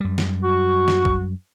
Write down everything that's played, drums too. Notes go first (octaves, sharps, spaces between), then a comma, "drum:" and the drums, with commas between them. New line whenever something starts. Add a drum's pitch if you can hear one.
F#2 G3
drum: snare
F#4 C#6
drum: snare
drum: kick A#1